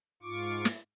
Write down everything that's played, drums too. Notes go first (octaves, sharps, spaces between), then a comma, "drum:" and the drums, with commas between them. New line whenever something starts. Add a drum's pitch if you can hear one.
G#2 F4 C#6 D6
drum: snare